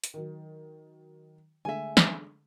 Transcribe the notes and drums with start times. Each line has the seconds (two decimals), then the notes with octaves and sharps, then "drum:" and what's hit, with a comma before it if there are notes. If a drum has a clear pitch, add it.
0.04 drum: hi-hat
0.14 D#3 F#3
1.65 D3 G#3 A3 E5 G#5
1.97 drum: snare